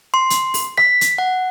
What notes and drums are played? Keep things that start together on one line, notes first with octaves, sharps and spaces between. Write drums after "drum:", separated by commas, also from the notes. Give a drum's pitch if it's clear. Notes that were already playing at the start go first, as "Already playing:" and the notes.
C6
drum: hi-hat
drum: open hi-hat
B6, drum: rim click
drum: hi-hat
F#5